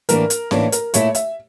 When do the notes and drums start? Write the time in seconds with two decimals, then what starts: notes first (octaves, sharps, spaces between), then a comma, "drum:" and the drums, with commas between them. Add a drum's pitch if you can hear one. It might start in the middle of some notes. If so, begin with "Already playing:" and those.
0.09 A2 E3 A#3 D4 A#4, drum: hi-hat
0.30 drum: hi-hat
0.51 A2 E3 A#3 D4 C#5, drum: snare C#4
0.72 A#4, drum: hi-hat
0.94 A#2 A3 E4 C#5, drum: hi-hat
1.15 E5, drum: hi-hat